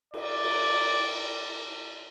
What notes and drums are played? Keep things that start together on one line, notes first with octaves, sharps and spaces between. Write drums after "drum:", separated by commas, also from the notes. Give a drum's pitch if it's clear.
D5, drum: cymbal
drum: cymbal